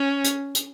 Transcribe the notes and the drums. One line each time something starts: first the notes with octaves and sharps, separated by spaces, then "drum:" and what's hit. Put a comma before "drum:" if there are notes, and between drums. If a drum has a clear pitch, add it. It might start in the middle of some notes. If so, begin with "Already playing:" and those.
Already playing: C#4
drum: hi-hat
drum: hi-hat